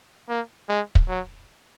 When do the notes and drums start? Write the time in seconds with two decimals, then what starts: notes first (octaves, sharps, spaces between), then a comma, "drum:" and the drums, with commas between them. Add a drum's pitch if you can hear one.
0.29 A#3
0.69 G#3
0.95 drum: kick
1.08 F#3